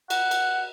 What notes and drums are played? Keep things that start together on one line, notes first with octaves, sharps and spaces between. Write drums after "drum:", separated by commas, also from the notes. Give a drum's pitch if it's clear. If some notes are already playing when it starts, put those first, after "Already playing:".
F#5, drum: cymbal
drum: cymbal